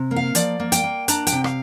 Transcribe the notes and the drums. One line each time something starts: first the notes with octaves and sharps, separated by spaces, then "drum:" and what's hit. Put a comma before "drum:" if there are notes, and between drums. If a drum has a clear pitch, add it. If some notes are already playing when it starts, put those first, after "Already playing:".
Already playing: C3
A#3
F5
F3 D5, drum: hi-hat
A#3
G5, drum: hi-hat
A#3
D4 A#5, drum: hi-hat
G5, drum: hi-hat
C3
F5, drum: rim click